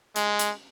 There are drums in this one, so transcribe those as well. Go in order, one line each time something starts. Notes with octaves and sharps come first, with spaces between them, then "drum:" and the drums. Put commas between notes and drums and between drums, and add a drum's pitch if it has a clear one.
G#3, drum: hi-hat
drum: hi-hat